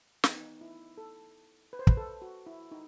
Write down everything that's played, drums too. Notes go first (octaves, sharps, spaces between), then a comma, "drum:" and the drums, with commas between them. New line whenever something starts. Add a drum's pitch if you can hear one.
E3 B3 D#4, drum: snare
E4
A4
B4
C5
B4, drum: kick
A4
F#4
E4
D#4